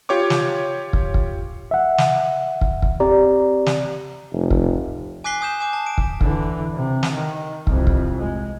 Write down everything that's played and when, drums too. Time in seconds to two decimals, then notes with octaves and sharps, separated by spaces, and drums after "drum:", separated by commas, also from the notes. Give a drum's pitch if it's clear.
0.09 F4 G4 C#5 C#6 D6
0.30 drum: snare
0.93 drum: kick
1.14 drum: kick
1.71 E5 F#5
1.98 drum: snare
2.61 drum: kick
2.82 drum: kick
3.00 C4 G4 D5 A#5
3.66 drum: snare
4.33 F1
4.51 drum: kick
5.24 G#5 D6 F#6 B6 C7 G7
5.41 G#5 D#6 G6 E7
5.60 G#5 D6
5.73 A5
5.86 D7
5.98 drum: kick
6.21 D3 E3, drum: kick
6.75 C3
7.03 drum: snare
7.13 D#3
7.67 C2 F2, drum: kick
7.87 drum: kick
8.20 G#3